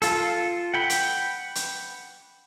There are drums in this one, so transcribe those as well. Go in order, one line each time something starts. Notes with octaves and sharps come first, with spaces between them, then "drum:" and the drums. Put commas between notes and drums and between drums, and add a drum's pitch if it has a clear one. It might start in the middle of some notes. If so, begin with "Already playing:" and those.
F4 A4, drum: hi-hat
F#5 G5 B5
drum: hi-hat
drum: hi-hat